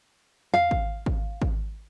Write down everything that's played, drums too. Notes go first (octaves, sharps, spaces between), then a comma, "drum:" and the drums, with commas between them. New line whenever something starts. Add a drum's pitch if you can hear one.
F5, drum: tom E2
drum: kick G#1
drum: kick G#1
drum: kick G#1